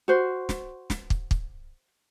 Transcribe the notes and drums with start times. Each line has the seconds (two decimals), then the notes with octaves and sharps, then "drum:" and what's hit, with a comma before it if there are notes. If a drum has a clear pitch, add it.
0.08 F#4 C5
0.49 drum: snare
0.90 drum: snare
1.10 drum: kick
1.31 drum: kick